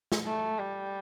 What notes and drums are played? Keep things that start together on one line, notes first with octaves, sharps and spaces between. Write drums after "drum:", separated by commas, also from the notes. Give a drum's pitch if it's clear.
drum: snare
A3
G3